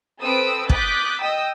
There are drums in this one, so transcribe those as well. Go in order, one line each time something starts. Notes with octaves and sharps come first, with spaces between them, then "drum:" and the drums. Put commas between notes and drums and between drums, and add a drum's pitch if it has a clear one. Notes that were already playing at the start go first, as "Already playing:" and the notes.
C4 A4 B4 D#6 E6 D7
D6 D#6 F#6 G6 A6 B6, drum: kick
D#5 G5 D#6 E6